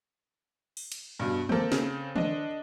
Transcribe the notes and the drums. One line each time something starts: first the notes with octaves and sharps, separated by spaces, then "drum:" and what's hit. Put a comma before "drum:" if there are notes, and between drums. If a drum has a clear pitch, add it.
drum: open hi-hat
drum: cymbal
G2 B2
A#3 C4 A4 G6, drum: tom
C#3, drum: snare
D4 D#5, drum: tom